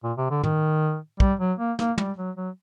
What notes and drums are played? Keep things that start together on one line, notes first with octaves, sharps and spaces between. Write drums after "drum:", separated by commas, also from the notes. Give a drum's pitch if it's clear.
A#2
C3
D3
D#3, drum: tom
G3, drum: kick
F#3
A#3
A#3, drum: snare
G3, drum: tom
F#3
F#3